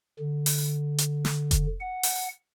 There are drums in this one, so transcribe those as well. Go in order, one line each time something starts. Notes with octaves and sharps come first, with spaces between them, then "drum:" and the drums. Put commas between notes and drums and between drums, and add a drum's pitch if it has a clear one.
D3
drum: open hi-hat
drum: hi-hat
drum: snare
drum: kick F1, hi-hat
F#5
drum: open hi-hat